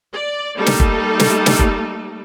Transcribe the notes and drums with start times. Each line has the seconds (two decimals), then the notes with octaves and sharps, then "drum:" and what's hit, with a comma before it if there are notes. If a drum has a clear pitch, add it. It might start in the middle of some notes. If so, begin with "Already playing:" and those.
0.13 D5
0.56 G3 A3 A#3 D#4 A4
0.66 drum: snare
0.80 drum: kick
1.20 drum: snare
1.46 drum: snare
1.59 drum: kick